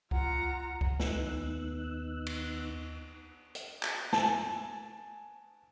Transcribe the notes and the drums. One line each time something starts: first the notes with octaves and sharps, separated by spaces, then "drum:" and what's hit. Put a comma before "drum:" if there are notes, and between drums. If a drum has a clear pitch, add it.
F4 F#5 A#5, drum: kick C#2
drum: kick C#2
D#2 B3 D#4 E6 F#6, drum: snare
drum: cymbal
drum: hi-hat
drum: clap
G#5 A5, drum: snare